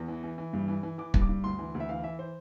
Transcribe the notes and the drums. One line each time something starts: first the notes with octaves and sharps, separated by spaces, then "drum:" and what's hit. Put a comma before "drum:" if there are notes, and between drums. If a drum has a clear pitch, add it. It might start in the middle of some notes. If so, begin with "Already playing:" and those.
Already playing: E2
E3
E3
E3
G2
E3
E3
E3 D6
G2, drum: kick
D6
G2
D2 C6
E3
D2
E5
E3 F5
E3 E5
C5